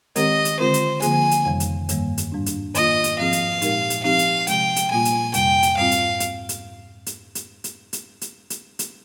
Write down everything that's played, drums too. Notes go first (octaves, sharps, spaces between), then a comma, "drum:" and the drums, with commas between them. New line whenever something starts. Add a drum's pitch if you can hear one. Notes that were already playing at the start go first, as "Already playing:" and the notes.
D#3 G#3 C4 G4 A#4 D#5, drum: hi-hat
drum: hi-hat
D3 G#3 C4 F4 A#4 C5
drum: hi-hat
D3 F3 A#3 F4 G#4 G#5, drum: hi-hat
drum: hi-hat
F2 C3 D#3 G3
drum: hi-hat
G2 D#3 G3 A#3, drum: hi-hat
drum: hi-hat
G#2 G3 D4
drum: hi-hat
D#3 A#3 F4 D#5, drum: hi-hat
drum: hi-hat
G#2 F3 C4 F4 G#4 F5
drum: hi-hat
A#2 G#3 D#4 G4 A#4, drum: hi-hat
drum: hi-hat
F3 C4 D#4 G4 F5
drum: hi-hat
C3 F3 G#3 G5, drum: hi-hat
drum: hi-hat
A#2 G3 A#3 F4 G#5
drum: hi-hat
F2 C3 G3 G5, drum: hi-hat
drum: hi-hat
G#2 G3 C4 F4 F5
drum: hi-hat
drum: hi-hat
drum: hi-hat
drum: hi-hat
drum: hi-hat
drum: hi-hat
drum: hi-hat
drum: hi-hat
drum: hi-hat
drum: hi-hat